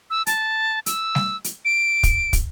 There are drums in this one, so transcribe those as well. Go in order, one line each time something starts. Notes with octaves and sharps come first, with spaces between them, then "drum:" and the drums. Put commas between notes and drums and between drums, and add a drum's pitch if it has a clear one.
E6
A5, drum: hi-hat
E6, drum: hi-hat
drum: snare G3
drum: hi-hat
D7
drum: kick, hi-hat
drum: kick, hi-hat